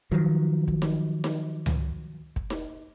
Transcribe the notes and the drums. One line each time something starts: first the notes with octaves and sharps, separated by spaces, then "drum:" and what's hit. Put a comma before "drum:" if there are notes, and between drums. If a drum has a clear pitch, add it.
D#3 F3 F#3
drum: kick
drum: snare D#4
drum: snare D#4
drum: tom C#2
drum: kick
drum: snare D#4